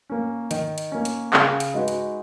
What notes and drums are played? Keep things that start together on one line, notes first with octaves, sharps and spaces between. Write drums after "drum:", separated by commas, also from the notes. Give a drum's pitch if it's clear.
A#3 C#4
D#3, drum: hi-hat
drum: hi-hat
A#3 C#4
drum: hi-hat
C#3, drum: clap
drum: hi-hat
G#3 D#4 F#4 B4
drum: hi-hat